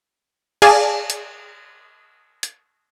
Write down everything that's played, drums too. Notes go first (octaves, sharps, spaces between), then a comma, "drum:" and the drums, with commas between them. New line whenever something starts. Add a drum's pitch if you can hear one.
G#4 D5 F5 G#5 A5, drum: cymbal
drum: hi-hat
drum: hi-hat